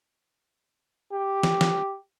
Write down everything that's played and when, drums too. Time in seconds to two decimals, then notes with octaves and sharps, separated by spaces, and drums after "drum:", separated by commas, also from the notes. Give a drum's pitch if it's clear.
1.13 G4
1.43 drum: snare
1.61 drum: snare